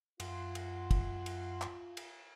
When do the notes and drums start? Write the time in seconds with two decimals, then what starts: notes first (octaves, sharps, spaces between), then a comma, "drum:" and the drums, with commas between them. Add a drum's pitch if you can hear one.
0.20 F#2 F4 F#5 C6, drum: cymbal
0.55 drum: cymbal
0.91 drum: kick, cymbal
1.26 drum: cymbal
1.62 drum: clap
1.97 drum: cymbal